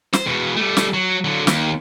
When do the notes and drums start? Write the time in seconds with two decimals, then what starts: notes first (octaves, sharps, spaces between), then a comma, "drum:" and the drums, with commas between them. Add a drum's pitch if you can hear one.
0.13 C5, drum: snare
0.26 E2 B2
0.57 G3 A3
0.77 drum: snare
0.94 F#3
1.25 D3 F#3
1.47 D#2, drum: snare